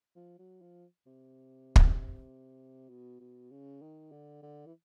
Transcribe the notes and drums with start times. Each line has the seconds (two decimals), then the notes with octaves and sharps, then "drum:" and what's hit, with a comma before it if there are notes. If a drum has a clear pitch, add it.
0.16 F3
0.39 F#3
0.61 F3
1.07 C3
1.76 drum: kick
2.89 B2
3.20 B2
3.51 C#3
3.82 D#3
4.12 D3
4.43 D3
4.67 E3